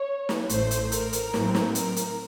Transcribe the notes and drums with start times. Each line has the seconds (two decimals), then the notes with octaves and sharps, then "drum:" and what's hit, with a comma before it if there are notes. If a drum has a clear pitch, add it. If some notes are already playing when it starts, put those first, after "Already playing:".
Already playing: C#5
0.29 drum: snare
0.49 A1 A2 A3 C5, drum: hi-hat
0.71 drum: hi-hat
0.92 A#4, drum: hi-hat
1.13 drum: hi-hat
1.34 A2 F#3 C4, drum: snare
1.55 drum: snare
1.75 A#4, drum: hi-hat
1.96 drum: hi-hat